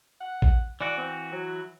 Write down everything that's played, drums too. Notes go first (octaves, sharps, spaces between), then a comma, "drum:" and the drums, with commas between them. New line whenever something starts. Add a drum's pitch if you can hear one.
F#5
drum: kick A#1
E3 F#4 D5
C4
F#3